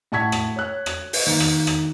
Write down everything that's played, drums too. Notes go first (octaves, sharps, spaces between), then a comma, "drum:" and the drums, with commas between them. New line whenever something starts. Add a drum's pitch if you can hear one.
A2 F#5 A5 C#6 G#6 B6
drum: rim click
C#5 F#6
drum: rim click
drum: open hi-hat
D#3 A#3
drum: rim click
drum: rim click